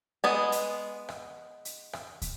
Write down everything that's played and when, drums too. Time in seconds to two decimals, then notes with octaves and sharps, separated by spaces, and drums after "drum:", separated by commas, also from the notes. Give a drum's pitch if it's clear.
0.24 G#3 B3 G#5
0.52 drum: hi-hat
1.09 drum: rim click
1.65 drum: hi-hat
1.93 drum: rim click
2.22 drum: kick, hi-hat